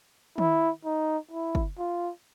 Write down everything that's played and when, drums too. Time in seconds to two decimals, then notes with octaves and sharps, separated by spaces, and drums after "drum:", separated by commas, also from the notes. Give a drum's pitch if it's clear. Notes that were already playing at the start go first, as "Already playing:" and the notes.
0.38 E4, drum: tom D#3
0.85 D#4
1.31 E4
1.55 drum: kick
1.79 F4